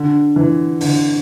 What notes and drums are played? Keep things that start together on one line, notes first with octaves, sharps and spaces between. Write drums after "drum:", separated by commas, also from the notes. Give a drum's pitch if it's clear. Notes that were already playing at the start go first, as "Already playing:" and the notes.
Already playing: D3
E3
D3, drum: open hi-hat